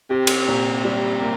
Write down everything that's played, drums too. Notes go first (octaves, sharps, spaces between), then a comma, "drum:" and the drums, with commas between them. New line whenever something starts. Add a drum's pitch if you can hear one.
C3 G4
drum: cymbal
A#2
G3
A#3